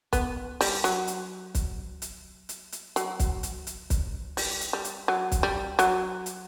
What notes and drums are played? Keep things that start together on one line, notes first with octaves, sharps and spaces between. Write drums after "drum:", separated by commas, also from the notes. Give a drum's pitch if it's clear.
B3, drum: kick, hi-hat
G3, drum: open hi-hat
F#3, drum: hi-hat
drum: hi-hat
drum: kick, hi-hat
drum: hi-hat
drum: hi-hat
drum: hi-hat
F#3, drum: hi-hat
drum: kick, hi-hat
drum: hi-hat
drum: hi-hat
drum: kick, hi-hat
G3, drum: open hi-hat
drum: hi-hat
G3
drum: hi-hat
F#3
drum: kick, hi-hat
G3
F#3, drum: hi-hat
drum: hi-hat